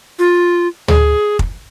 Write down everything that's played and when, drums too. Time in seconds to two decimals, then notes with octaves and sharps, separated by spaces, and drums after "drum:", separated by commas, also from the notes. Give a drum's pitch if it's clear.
0.19 F4
0.88 G#4, drum: tom D2
1.39 drum: kick